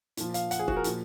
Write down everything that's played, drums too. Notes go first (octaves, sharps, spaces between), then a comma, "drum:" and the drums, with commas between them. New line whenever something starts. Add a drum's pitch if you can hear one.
A#2 F3, drum: hi-hat
F5, drum: hi-hat
F#5, drum: hi-hat
G#4
F#4, drum: kick
A#4
A#2 F3, drum: hi-hat